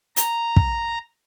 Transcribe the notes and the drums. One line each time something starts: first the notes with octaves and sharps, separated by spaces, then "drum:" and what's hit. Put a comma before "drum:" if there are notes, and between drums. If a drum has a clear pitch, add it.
A#5, drum: hi-hat
drum: kick